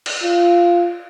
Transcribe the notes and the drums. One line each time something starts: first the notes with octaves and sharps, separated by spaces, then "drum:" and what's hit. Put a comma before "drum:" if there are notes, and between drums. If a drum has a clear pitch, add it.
drum: cymbal
F4